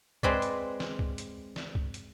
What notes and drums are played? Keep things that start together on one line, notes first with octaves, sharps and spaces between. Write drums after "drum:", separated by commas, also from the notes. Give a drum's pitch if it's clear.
G#3 C4 B4 D5, drum: kick
drum: hi-hat
drum: snare
drum: kick
drum: hi-hat
drum: snare
drum: kick
drum: hi-hat